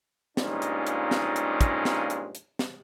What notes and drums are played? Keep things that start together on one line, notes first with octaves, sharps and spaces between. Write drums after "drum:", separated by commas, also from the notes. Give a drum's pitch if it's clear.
G2 A#2 F3 G#3 C#4 D#4, drum: snare
drum: hi-hat
drum: hi-hat
drum: snare
drum: hi-hat
drum: kick, hi-hat
drum: snare
drum: hi-hat
drum: hi-hat
drum: snare